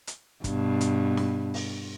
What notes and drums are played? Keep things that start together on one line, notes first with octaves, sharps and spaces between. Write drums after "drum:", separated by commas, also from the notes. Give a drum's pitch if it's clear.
drum: hi-hat
G2 B2, drum: kick, hi-hat
drum: hi-hat
drum: snare
drum: open hi-hat